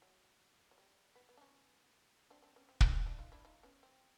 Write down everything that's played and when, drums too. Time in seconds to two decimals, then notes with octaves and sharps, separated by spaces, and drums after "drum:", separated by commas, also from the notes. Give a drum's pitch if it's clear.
0.02 F#3
0.71 F#3
0.78 G3
1.16 B3
1.29 B3
1.38 D4
1.41 B3 C#4
2.30 C4 D4
2.42 C4 D4
2.56 B3 C#4
2.69 C4
2.81 C4 D4, drum: kick
2.93 C4 D4
3.06 D4 E4
3.19 D#4 F4
3.32 D4 E4
3.45 D#4 F4
3.63 B3 C#4
3.83 C4